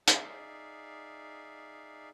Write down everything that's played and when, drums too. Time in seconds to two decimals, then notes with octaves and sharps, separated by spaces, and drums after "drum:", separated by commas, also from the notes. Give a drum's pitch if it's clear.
0.08 D#4 G#4 D5 E5 F5, drum: hi-hat